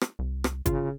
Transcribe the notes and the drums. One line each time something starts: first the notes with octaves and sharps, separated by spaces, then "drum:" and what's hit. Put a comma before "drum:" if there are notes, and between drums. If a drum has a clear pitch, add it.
drum: rim click
C2
drum: rim click
C#3 F4, drum: kick, hi-hat